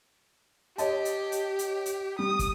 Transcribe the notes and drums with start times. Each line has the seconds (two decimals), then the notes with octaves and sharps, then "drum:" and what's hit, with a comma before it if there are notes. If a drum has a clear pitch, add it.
0.78 G4 C#5 D#5 A5, drum: hi-hat
1.05 drum: hi-hat
1.32 drum: hi-hat
1.59 drum: hi-hat
1.86 drum: hi-hat
2.19 G3 D#6
2.39 drum: kick, hi-hat